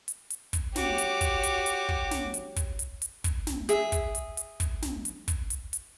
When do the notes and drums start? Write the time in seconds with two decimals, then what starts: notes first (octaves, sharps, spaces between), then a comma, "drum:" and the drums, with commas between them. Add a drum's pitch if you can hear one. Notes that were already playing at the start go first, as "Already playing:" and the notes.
0.08 drum: hi-hat
0.30 drum: hi-hat
0.53 drum: kick, hi-hat
0.76 F#4 G4 C#5 D6, drum: snare
0.98 drum: hi-hat
1.21 drum: kick, hi-hat
1.43 drum: hi-hat
1.66 drum: hi-hat
1.89 drum: kick
2.11 drum: snare
2.34 drum: hi-hat
2.56 drum: kick, hi-hat
2.79 drum: hi-hat
3.02 drum: hi-hat
3.24 drum: kick, hi-hat
3.47 drum: snare
3.69 G#4 E5, drum: hi-hat
3.92 drum: kick, hi-hat
4.15 drum: hi-hat
4.37 drum: hi-hat
4.60 drum: kick, hi-hat
4.82 drum: snare
5.05 drum: hi-hat
5.28 drum: kick, hi-hat
5.50 drum: hi-hat
5.73 drum: hi-hat